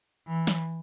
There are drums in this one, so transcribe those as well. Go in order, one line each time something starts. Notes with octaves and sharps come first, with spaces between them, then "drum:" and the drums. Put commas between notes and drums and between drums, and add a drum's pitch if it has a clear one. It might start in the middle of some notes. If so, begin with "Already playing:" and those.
E3
drum: snare